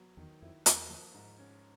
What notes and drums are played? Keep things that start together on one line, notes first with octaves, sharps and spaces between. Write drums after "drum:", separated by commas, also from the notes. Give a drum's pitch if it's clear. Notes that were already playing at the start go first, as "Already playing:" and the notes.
Already playing: F#3 B3
E2 D#3
F2 E4
E2 A#3, drum: hi-hat
F3
G#2
C#4